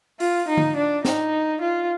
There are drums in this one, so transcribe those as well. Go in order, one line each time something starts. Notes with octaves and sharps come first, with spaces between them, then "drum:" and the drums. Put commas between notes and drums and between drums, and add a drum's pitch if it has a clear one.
F4, drum: open hi-hat
D#4
drum: tom D3
D4
D#4, drum: snare
F4